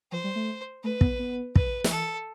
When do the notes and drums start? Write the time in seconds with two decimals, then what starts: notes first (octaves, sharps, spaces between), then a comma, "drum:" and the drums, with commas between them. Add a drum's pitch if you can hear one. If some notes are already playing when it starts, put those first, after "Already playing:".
0.12 F3 C5
0.24 G3
0.36 A3
0.84 A3 B4
1.01 B3, drum: kick
1.19 B3
1.56 B4, drum: kick
1.84 F3, drum: snare
1.91 E3 A4